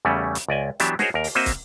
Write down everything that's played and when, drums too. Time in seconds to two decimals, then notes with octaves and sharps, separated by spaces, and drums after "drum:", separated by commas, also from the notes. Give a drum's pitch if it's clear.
0.05 E2 C#3 G3 A3 C#4
0.35 drum: hi-hat
0.48 C#2 D5 D#5 G#5
0.80 E3 F#3 B3 D4 G4 E5, drum: hi-hat
0.99 F#4 G#4 A#4 C5 C#5 D#5, drum: snare
1.14 D#2 A#4
1.24 drum: open hi-hat
1.35 A#3 C4 F#4 C5 D#5 E5
1.46 drum: kick, hi-hat